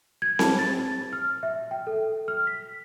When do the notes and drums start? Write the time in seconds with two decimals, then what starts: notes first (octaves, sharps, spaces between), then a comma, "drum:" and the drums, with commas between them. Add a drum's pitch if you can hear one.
0.22 G#6
0.39 A5, drum: snare C4
0.59 A6
0.79 A6
1.13 F6
1.43 E5
1.71 G5
1.87 A4
2.28 F6
2.47 B6